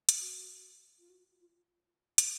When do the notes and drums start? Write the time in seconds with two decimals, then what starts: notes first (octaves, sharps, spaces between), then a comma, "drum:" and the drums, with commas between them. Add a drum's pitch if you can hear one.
0.09 drum: hi-hat
0.20 F#4
0.99 F4
1.10 F#4
1.40 F4
2.18 drum: hi-hat